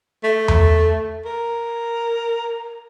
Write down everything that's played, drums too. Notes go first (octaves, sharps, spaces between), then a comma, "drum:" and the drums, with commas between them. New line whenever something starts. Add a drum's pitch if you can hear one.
A3
drum: tom E2
A#4